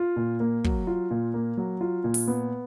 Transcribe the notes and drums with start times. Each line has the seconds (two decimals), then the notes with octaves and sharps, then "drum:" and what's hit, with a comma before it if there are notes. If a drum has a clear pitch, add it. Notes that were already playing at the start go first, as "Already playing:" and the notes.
Already playing: F4
0.16 A#2
0.40 A#3
0.64 F#3, drum: kick
0.87 F4
1.11 A#2
1.34 A#3
1.57 F#3
1.81 F4
2.04 A#2
2.14 drum: open hi-hat
2.28 B3